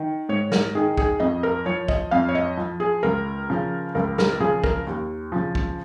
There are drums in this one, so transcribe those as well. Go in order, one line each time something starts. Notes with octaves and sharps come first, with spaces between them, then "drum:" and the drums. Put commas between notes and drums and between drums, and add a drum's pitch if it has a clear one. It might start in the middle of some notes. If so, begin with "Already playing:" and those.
Already playing: D#3
G#2 C#5
A#4, drum: snare
D#3 G#4
G#4, drum: kick
F2 D#5
A#4
F3 C#5
D#5, drum: kick
F2 F5
C#5
D#5
F3
G#4
C#2 A#4
C#3 F3
C#2 A#4
A#4, drum: snare
C#3 F3 G#4
A#4, drum: kick
D#2
C#3 F3
drum: kick